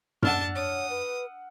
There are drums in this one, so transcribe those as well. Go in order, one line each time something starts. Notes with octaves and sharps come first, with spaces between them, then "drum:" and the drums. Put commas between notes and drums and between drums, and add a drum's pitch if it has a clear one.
D4 F#5 A5 E6 F6, drum: tom F#2
C#5 D#6
B4